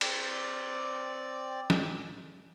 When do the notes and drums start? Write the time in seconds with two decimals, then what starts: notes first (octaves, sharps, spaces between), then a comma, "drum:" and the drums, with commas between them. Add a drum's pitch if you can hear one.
0.01 C4 D5, drum: cymbal
1.70 drum: snare